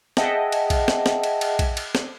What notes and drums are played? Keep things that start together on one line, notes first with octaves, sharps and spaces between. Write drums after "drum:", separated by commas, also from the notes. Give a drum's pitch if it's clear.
G#4 D#5 E5 F#5 G5 A5, drum: snare
drum: cymbal
drum: kick A#1, cymbal
drum: snare
drum: snare
drum: cymbal
drum: cymbal
drum: kick A#1, cymbal
drum: cymbal
drum: snare